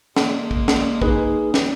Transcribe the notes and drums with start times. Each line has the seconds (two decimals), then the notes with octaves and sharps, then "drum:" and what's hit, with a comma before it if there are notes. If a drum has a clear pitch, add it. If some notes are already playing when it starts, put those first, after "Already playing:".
0.16 G#3 A#3, drum: snare
0.51 drum: kick
0.68 drum: snare
1.02 D#4 G#4 B4, drum: kick
1.54 drum: snare